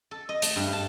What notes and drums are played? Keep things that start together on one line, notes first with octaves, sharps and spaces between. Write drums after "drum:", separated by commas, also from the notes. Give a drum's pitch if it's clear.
A4
D#5
A3, drum: hi-hat
G2
A5